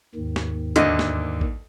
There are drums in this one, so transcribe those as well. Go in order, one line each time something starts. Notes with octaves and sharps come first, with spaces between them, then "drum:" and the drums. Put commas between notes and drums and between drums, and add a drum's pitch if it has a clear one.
D#2 G#2 D#3
drum: snare
D2 D3 D#5, drum: hi-hat
drum: snare
drum: kick A1